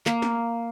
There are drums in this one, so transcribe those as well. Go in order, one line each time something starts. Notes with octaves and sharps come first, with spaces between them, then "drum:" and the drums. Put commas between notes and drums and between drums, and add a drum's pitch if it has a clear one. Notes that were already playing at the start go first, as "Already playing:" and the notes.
A#3, drum: clap
drum: snare